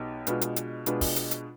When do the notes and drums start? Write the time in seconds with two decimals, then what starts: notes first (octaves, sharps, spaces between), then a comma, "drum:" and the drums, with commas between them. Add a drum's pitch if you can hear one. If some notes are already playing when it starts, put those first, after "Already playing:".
Already playing: B1 B3 D#4 G4
0.27 B2 G#3 D4 F4 B4, drum: hi-hat
0.41 drum: hi-hat
0.56 drum: hi-hat
0.86 B2 G#3 D4 F4 B4, drum: hi-hat
1.01 drum: kick, open hi-hat
1.16 drum: hi-hat
1.31 drum: hi-hat